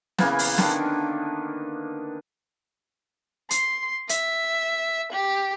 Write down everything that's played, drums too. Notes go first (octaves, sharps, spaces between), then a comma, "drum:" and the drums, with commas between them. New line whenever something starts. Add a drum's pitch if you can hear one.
C#3 E3 A#3 B3, drum: snare
drum: open hi-hat
D3 D#3 D4, drum: snare
C6, drum: hi-hat
E5, drum: hi-hat
G4